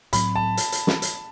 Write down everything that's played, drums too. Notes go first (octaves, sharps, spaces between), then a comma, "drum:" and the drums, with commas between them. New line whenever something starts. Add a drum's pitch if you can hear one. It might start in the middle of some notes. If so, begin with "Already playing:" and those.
A2 F#3 C4 B5, drum: hi-hat
A5
drum: hi-hat
drum: hi-hat
drum: snare
drum: hi-hat